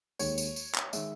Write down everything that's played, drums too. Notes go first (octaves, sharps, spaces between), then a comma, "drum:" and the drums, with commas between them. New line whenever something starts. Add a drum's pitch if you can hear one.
D#2 D#3 G#3 C#5, drum: tambourine
drum: tambourine
drum: tambourine
drum: clap
D#3 G#3 E5, drum: tambourine